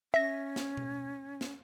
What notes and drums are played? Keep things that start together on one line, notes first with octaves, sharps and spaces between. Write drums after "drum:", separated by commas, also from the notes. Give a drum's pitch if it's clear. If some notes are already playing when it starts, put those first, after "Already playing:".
C#4 E5 A#6
drum: snare
drum: tom B2
drum: snare